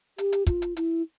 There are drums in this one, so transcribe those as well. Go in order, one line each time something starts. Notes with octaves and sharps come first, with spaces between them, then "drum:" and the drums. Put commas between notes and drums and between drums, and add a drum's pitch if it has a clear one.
G4, drum: hi-hat
drum: hi-hat
F4, drum: kick, hi-hat
drum: hi-hat
E4, drum: hi-hat